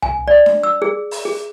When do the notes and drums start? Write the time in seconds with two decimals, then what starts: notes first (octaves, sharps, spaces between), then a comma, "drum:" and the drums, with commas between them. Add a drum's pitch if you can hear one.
0.02 G#5, drum: tom C2
0.28 D5
0.46 drum: snare D4
0.63 E6
0.82 G#4
1.11 drum: open hi-hat
1.25 G#4